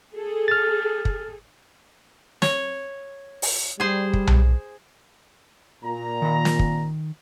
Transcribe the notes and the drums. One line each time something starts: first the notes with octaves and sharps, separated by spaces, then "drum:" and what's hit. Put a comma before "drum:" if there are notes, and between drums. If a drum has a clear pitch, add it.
G#4 A4
F6 A6
drum: kick
C#5, drum: snare
drum: open hi-hat
G3 G#4 C5
drum: kick
drum: tom B1
A#2 A#5
D#3 B5
drum: snare
drum: kick